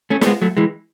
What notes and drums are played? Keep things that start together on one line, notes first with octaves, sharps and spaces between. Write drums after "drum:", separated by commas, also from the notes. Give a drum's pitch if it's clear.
A3 C#4
A3, drum: snare
G#3 B3
F#3 A3
E3 G#3